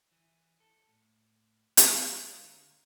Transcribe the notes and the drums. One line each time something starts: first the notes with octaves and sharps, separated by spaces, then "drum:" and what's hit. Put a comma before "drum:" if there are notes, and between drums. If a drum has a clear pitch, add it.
E3
A4
A2
B2, drum: hi-hat
D3